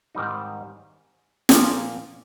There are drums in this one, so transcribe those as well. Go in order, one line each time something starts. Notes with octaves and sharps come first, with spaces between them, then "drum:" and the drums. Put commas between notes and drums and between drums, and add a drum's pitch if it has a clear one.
G#2 D#3 G3 C4 D#4
A#2 F3 A#3, drum: snare